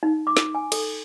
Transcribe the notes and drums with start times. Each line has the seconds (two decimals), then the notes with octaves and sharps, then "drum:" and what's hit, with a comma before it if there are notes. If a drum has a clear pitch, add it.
0.03 D#4
0.27 D6
0.37 drum: snare
0.55 G#5
0.72 A4, drum: cymbal